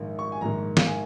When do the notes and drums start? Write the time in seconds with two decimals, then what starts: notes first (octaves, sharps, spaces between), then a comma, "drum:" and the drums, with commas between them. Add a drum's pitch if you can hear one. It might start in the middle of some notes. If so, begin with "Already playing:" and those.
Already playing: A#1 G#2 D#3 F5
0.19 C#6
0.32 G#5
0.41 A#1 G#2 D#3 A#5
0.77 F5, drum: snare
0.87 G#5